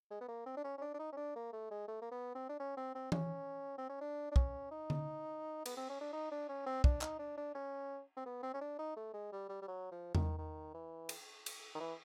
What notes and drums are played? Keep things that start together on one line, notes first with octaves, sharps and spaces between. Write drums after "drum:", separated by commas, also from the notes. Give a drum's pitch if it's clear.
G#3
B3
A#3
C4
D4
C#4
C#4
D4
D4
D#4
C#4
D4
A#3
A3
G#3
A3
A#3
B3
C4
D4
C#4
C4
C4
C#4, drum: tom E3
C4
C#4
D4
D4
C#4, drum: kick
D#4
drum: tom D3
B3, drum: cymbal
C4
C#4
D4
D#4
D4
C#4
C4
D4, drum: kick
D#4, drum: clap
D4
D4
C#4
C4
B3
C4
C#4
D4
D#4
A3
G#3
G3
G3
G3
F#3
F3
D#3, drum: tom E2
D#3
E3
drum: cymbal
drum: cymbal
D#3
E3